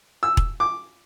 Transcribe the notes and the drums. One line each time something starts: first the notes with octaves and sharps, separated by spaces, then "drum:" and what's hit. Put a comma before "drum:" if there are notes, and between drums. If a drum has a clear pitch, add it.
E6
drum: kick E1
D6